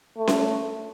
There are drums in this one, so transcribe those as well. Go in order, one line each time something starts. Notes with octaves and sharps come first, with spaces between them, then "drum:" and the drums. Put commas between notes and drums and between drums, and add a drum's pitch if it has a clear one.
A3
drum: snare C#4